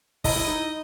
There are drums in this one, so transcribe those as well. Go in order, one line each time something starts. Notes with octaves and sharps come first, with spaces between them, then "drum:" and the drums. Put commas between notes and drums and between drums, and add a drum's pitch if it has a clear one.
E4 D#5, drum: kick, open hi-hat
E4
D#4